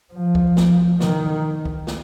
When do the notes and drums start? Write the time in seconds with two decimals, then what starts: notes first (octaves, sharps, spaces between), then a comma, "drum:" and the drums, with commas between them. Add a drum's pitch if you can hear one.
0.13 F3
0.35 drum: kick C2
0.57 drum: snare
1.00 D#3, drum: snare
1.65 drum: kick C2
1.87 drum: snare